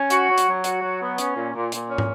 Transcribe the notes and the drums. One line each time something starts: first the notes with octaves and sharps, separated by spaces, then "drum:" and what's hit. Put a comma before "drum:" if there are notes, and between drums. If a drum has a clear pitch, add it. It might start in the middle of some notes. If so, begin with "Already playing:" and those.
Already playing: C#4
F#4, drum: hi-hat
F#3
drum: hi-hat
F#3
F#4, drum: hi-hat
F#3
B3
C#4, drum: hi-hat
A#2
A#2
A#2, drum: hi-hat
C#4
drum: tom